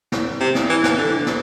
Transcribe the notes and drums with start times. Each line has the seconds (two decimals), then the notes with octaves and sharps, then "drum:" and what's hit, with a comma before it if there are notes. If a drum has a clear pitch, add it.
0.12 drum: snare
0.40 C3
0.55 drum: snare
0.70 E3
0.84 E3, drum: snare
0.98 D3
1.26 drum: snare